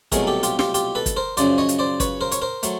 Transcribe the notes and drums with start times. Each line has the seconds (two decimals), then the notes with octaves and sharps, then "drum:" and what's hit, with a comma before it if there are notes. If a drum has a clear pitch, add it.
0.12 C2 B2 F#3 A3 G#4 A#4, drum: kick, hi-hat
0.27 G4 A4
0.43 F4 G4, drum: hi-hat
0.59 F4 G4, drum: snare
0.74 F4 G4, drum: hi-hat
0.95 A4 B4
1.06 drum: kick, hi-hat
1.17 A#4 C5
1.37 F#2 C#3 F3 C5 D5, drum: hi-hat
1.58 C#5 D#5
1.69 drum: hi-hat
1.79 C5 D5
2.00 B4 C#5, drum: kick, hi-hat
2.21 A#4 C5
2.32 C#5, drum: hi-hat
2.42 A#4 C5
2.63 F#3 A3, drum: hi-hat